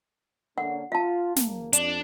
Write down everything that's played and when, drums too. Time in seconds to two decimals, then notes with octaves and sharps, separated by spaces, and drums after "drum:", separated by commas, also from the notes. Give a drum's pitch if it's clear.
0.58 D3 A#3 C#4 F#5
0.92 F4 F5 A5
1.36 F#1 A#3, drum: snare
1.73 F2 D4, drum: hi-hat